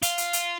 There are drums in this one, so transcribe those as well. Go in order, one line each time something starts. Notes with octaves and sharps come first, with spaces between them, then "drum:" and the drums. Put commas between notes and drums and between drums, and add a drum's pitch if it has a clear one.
F4, drum: hi-hat
drum: hi-hat
drum: hi-hat